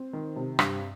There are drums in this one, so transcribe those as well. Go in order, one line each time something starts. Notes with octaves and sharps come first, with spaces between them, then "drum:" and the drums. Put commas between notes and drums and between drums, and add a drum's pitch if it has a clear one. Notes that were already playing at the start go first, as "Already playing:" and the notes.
Already playing: C4
D#3
C3
G2, drum: rim click